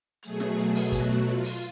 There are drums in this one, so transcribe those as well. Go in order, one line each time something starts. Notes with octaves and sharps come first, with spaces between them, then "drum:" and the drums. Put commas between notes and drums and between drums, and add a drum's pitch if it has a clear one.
B2 F#3 A3 G#4, drum: hi-hat
drum: snare
drum: hi-hat
drum: open hi-hat
F#4, drum: kick, hi-hat
drum: hi-hat
F4, drum: hi-hat
drum: open hi-hat